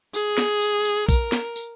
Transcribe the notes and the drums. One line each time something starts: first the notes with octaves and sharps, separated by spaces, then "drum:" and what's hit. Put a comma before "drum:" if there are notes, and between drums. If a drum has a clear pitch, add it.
G#4, drum: tambourine
drum: snare
drum: tambourine
drum: tambourine
A#4, drum: kick A#1, tambourine
drum: snare
drum: tambourine